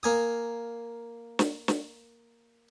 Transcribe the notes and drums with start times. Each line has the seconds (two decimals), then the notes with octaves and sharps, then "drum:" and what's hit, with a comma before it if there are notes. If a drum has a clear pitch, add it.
0.03 A#3 G#5 D#6
1.39 drum: snare
1.68 drum: snare